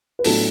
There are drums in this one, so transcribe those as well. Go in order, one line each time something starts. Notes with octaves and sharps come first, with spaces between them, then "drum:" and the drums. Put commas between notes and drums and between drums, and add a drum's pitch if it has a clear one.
B4
A2 F#3 B3 D4 F4 A4, drum: open hi-hat